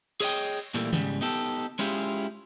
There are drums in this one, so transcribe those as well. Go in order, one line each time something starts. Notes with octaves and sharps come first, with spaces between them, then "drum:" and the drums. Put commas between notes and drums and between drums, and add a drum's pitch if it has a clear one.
G#4 C#5 D#5 G5, drum: cymbal
A#2 E3 G3 A3 A#3
G#2 C#3 G3, drum: tom D#3
B3 D#4 G4 A4
G#3 C#4 E4 F4 G4 G#4